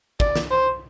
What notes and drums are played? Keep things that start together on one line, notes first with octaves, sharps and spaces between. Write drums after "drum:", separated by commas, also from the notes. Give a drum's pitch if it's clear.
D5, drum: kick
drum: snare
C5